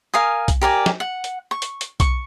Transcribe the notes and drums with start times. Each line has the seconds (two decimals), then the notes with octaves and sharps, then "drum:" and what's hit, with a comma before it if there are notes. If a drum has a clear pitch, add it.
0.14 A#4 F5 G#5 D#6
0.48 drum: kick B1, hi-hat
0.61 G4 A#4 D5 G#5
0.86 drum: snare
1.00 F#5
1.24 drum: hi-hat
1.51 C#6
1.62 drum: hi-hat
1.81 drum: hi-hat
2.00 C#6, drum: kick B1, hi-hat